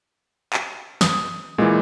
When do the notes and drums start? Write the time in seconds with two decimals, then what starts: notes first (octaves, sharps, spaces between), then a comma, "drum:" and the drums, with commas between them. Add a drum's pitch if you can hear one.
0.53 drum: clap
1.01 D#6, drum: snare
1.58 A#2 E3 G#3